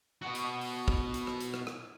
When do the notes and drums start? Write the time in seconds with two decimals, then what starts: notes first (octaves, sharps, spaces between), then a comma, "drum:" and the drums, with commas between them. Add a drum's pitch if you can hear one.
0.22 B2 F#4
0.35 drum: hi-hat
0.61 drum: open hi-hat
0.88 drum: kick
1.14 drum: hi-hat
1.27 drum: rim click
1.40 drum: hi-hat
1.54 drum: rim click
1.67 drum: rim click